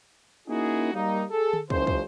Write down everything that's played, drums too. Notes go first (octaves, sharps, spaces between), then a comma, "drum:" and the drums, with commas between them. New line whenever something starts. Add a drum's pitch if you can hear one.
A#3 C#4 D#4 E4 F#4 G#4
G3 A#3 D#4
G#4 A4
drum: tom D3
F#1 C#2 C5, drum: kick
drum: kick